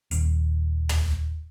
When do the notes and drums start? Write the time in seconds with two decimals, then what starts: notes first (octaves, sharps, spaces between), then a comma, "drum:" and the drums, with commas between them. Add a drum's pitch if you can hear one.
0.11 D#1, drum: hi-hat
0.89 drum: tom